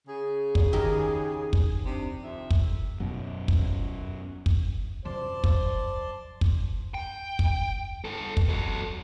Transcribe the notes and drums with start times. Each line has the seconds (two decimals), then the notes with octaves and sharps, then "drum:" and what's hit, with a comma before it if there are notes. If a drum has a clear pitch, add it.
0.07 C#3 G#4
0.55 drum: kick
0.73 D#3 G4 A#4
1.53 drum: kick
1.85 C3 D4
2.22 F2 C3 E5
2.51 drum: kick
3.00 F#2 B2
3.48 drum: kick
4.46 drum: kick
5.05 F#2 C3 F3 C5 D5 A5 C6
5.44 drum: kick
6.41 drum: kick
6.94 G5
7.39 drum: kick
8.05 G2 A4
8.37 drum: kick
8.49 F#3 A4